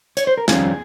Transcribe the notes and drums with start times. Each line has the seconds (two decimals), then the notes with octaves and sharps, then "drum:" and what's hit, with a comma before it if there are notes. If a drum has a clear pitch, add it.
0.17 C#5, drum: hi-hat
0.27 C5
0.37 A#4
0.48 F2 D#3 G3 C#4 F4 G#4, drum: snare